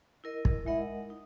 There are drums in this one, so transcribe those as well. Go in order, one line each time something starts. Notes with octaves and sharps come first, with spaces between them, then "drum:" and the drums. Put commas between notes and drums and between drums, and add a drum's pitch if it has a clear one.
E4 A#4 D#5
drum: kick
G#3 D#4 E4 A#4 D#5 F#5
D#4